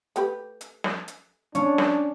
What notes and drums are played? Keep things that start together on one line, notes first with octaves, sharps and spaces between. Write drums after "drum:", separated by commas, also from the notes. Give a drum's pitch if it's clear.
A3 G4 B4, drum: hi-hat
drum: hi-hat
drum: snare
drum: hi-hat
C#4 D4, drum: hi-hat
drum: snare